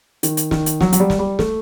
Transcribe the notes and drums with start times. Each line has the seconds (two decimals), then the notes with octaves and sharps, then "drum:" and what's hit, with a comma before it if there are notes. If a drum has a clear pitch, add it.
0.23 D#3, drum: hi-hat
0.37 drum: hi-hat
0.51 D#3, drum: snare
0.66 drum: hi-hat
0.81 F#3, drum: snare
0.93 F#3, drum: hi-hat
1.00 G3
1.10 drum: snare
1.19 G3
1.39 A3, drum: snare